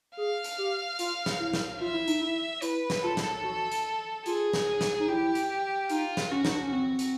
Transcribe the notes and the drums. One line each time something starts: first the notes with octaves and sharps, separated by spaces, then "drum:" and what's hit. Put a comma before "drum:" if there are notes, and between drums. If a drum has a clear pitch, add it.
G#4 F5
drum: hi-hat
G4
F4, drum: hi-hat
drum: snare
E4
drum: snare
F4 E5
E4
D#4, drum: hi-hat
E4
E4 B4, drum: hi-hat
drum: snare
F4 A4
drum: snare
F#4
drum: hi-hat
F4 G#4, drum: hi-hat
drum: snare
drum: snare
D#4
E4 G4
drum: hi-hat
D#4 F4, drum: hi-hat
drum: snare
C#4 F#4
D#4, drum: snare
D4
C#4
C4 F#4
drum: hi-hat